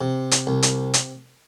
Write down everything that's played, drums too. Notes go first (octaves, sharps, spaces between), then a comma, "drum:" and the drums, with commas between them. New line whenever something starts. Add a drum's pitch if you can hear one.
C3
drum: hi-hat
C2
drum: hi-hat
drum: hi-hat